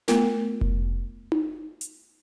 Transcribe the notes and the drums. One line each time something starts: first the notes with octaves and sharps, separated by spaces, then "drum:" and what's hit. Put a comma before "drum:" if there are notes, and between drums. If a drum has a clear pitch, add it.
A3 B3 F4 A#4, drum: snare
drum: kick F1
drum: tom D#4
drum: hi-hat